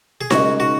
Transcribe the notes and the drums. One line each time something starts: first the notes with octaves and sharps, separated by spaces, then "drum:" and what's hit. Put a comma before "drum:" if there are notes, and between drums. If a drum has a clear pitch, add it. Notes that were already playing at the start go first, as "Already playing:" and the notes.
G#4
C#3 G#3 D#4 F#4 A#4 D#5, drum: snare D#4
F#4